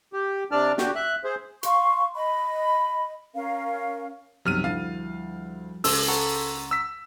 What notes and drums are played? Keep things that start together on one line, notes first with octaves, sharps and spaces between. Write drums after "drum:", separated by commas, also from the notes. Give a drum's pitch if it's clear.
G4
C3 D4 D5 A5 F6
D3 F#4 G4, drum: snare
E5 F#6
G#4 C5
F5 C6 C#6, drum: hi-hat
D#5 B5
C#4 A#4 F5
B1 F#2 C3 F3 G3 F6 D#7
D2 E4 F5 A6
C#2 C#3 A4 C6 E6, drum: open hi-hat
A4 F#5 A#5 C#6
E6 B6